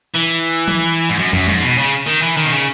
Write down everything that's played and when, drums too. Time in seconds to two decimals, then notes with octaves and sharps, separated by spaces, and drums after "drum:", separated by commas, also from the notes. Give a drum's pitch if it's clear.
0.14 E3
0.68 drum: tom F3
1.09 G#2
1.19 F#2
1.33 F#2, drum: tom
1.48 G#2, drum: tom F3
1.62 B2
1.78 C#3
2.07 D#3
2.22 E3
2.37 D#3
2.45 B2
2.52 C#3